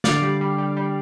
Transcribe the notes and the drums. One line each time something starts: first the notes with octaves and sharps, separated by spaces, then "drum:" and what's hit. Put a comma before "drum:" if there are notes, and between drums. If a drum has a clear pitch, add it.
D3 D5 F5, drum: snare
G3
G3
G3
G3